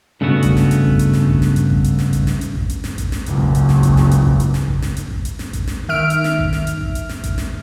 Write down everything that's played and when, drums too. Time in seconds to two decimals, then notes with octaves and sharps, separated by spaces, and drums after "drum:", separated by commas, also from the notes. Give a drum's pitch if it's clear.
0.21 G2 C#3 A3 B3 F#4
0.43 drum: kick A1, hi-hat
0.57 drum: snare
0.71 drum: hi-hat
0.85 drum: kick A1
0.99 drum: hi-hat
1.13 drum: snare
1.28 drum: kick A1
1.42 drum: snare
1.56 drum: hi-hat
1.70 drum: kick A1
1.84 drum: hi-hat
1.99 drum: snare
2.13 drum: kick A1, hi-hat
2.27 drum: snare
2.41 drum: hi-hat
2.55 drum: kick A1
2.70 drum: hi-hat
2.84 drum: snare
2.98 drum: kick A1, hi-hat
3.12 drum: snare
3.26 F#1 C#2, drum: hi-hat
3.40 drum: kick A1
3.55 drum: hi-hat
3.69 drum: snare
3.83 drum: kick A1, hi-hat
3.97 drum: snare
4.11 drum: hi-hat
4.26 drum: kick A1
4.40 drum: hi-hat
4.54 drum: snare
4.68 drum: kick A1
4.82 drum: snare
4.97 drum: hi-hat
5.11 drum: kick A1
5.25 drum: hi-hat
5.39 drum: snare
5.53 drum: kick A1, hi-hat
5.67 drum: snare
5.89 D#3 E5 F6 D7
6.10 drum: hi-hat
6.24 drum: snare
6.38 drum: kick A1
6.53 drum: snare
6.67 drum: hi-hat
6.81 drum: kick A1
6.95 drum: hi-hat
7.09 drum: snare
7.24 drum: kick A1, hi-hat
7.38 drum: snare